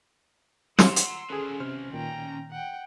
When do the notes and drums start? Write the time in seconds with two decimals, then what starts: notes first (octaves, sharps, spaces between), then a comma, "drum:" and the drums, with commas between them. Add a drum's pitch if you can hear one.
0.79 F#5 A#5 C6 E6, drum: snare
0.96 drum: hi-hat
1.30 C#4 G#4 A4 B4
1.60 C3 C5 F6
1.93 A#2 D#3 G5 A#5
2.51 F#5 G5